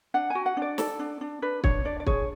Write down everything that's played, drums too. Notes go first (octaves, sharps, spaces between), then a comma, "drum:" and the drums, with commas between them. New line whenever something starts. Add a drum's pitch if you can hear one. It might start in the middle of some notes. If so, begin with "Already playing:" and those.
D4 F#5
F#4 G#5
F#5
D4
D5
A4, drum: snare
D4
D4
D4 B4
D4 C#5, drum: kick
D4 D5
D5
G#4 C#5, drum: kick